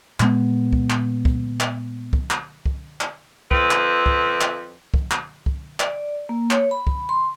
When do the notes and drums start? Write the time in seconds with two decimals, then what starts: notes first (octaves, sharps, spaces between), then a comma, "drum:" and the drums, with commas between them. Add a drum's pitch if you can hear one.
0.20 A#2 G#3 B3, drum: clap
0.73 drum: kick
0.90 drum: clap
1.25 drum: kick
1.60 drum: clap
2.13 drum: kick
2.30 drum: clap
2.66 drum: kick
3.01 drum: clap
3.51 F2 C4 B4, drum: kick
3.71 drum: clap
4.06 drum: kick
4.41 drum: clap
4.94 drum: kick
5.11 drum: clap
5.46 drum: kick
5.80 D5, drum: clap
6.29 A#3
6.51 C#5, drum: clap
6.71 B5
6.87 drum: kick
7.09 C6